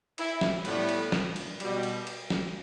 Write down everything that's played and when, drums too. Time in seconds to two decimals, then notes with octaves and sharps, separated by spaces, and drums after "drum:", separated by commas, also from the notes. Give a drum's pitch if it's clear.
0.18 E4, drum: cymbal
0.41 drum: snare
0.65 A2 G3 B3, drum: cymbal
0.89 drum: cymbal
1.12 drum: snare
1.36 drum: cymbal
1.60 B2 G3, drum: cymbal
1.83 drum: cymbal
2.07 drum: cymbal
2.30 drum: snare